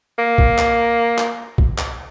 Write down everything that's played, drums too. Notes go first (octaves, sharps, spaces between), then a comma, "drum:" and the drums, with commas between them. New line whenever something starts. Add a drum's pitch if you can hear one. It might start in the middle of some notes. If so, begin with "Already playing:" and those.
A#3
drum: kick
drum: clap
drum: clap
drum: kick
drum: clap